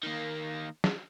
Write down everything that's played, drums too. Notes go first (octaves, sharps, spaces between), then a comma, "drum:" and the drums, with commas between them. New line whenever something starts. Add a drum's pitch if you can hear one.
D#3 A#3
drum: snare